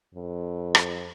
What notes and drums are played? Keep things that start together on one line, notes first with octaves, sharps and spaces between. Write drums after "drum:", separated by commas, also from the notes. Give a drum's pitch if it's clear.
F2
drum: rim click